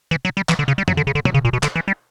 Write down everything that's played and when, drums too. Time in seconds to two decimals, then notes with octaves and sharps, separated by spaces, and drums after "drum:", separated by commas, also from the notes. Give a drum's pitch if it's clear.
0.11 E3
0.25 F#3
0.37 G3
0.49 E3, drum: clap
0.59 D3
0.68 C#3
0.78 G3
0.88 F#3, drum: tom F2
0.97 D3
1.07 C#3
1.15 D3
1.25 F#3, drum: tom B2
1.34 C#3
1.45 A#2
1.53 B2
1.63 D3, drum: clap
1.76 E3
1.88 G3